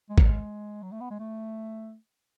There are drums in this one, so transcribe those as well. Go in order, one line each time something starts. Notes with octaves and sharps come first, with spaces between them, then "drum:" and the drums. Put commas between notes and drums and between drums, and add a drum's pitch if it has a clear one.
G#3
F#3, drum: kick
G#3
F#3
A3
B3
G#3
A3